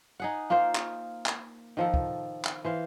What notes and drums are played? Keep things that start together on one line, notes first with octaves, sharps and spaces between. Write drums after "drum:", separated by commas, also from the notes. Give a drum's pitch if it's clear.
D#4 G#4 F#5
A#3 F4 A#4 C5
drum: clap
drum: clap
D#3 F3 A4
drum: kick
drum: clap
E3 C5 F5